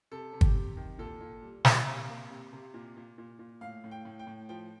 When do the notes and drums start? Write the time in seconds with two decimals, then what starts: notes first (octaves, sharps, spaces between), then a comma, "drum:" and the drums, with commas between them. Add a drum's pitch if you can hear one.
0.11 C3 A4
0.33 C3
0.41 G4, drum: kick
0.55 C3
0.77 D#3
0.99 A#2 A4
1.21 A#2
1.43 G3
1.65 A#3, drum: snare
1.86 C3 F5
2.08 A#3
2.30 C3
2.53 C3
2.74 A#2
2.97 A#2
3.18 A#2
3.39 A#2
3.61 A2 F5
3.84 A2
3.91 G5
4.05 A2
4.19 G5
4.27 A2
4.49 F3 G5